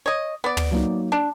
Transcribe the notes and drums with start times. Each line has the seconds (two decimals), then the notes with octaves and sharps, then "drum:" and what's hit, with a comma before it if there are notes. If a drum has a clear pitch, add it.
0.06 C#5 D#5
0.44 B3 D5
0.57 drum: tom
0.71 F#3 A#3 D#4
1.12 D4